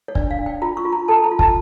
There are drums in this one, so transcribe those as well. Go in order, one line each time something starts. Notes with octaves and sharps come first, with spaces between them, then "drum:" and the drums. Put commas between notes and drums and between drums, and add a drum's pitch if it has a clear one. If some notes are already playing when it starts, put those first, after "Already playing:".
C#5
D4 D5, drum: kick
F5
D4
G5
F4 A#5
C#6
F4
A#5
A4 A5
A#5
F4
A5, drum: kick